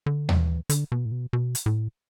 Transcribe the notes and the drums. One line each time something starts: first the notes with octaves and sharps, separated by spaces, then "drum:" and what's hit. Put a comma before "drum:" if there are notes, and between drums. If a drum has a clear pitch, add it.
D3
F#3, drum: tom D#2
E3
D3, drum: hi-hat
B2
A2
B2
B2
drum: hi-hat
A2